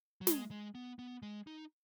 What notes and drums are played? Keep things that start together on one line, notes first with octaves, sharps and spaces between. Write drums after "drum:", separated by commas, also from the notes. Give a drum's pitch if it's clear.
F#3
G#3, drum: snare
G#3
B3
B3
G#3
D#4